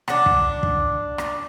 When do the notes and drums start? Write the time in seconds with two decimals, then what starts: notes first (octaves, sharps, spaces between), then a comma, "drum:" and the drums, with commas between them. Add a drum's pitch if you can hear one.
0.08 D4 F#5, drum: rim click
0.26 drum: kick
0.63 drum: kick
1.18 drum: rim click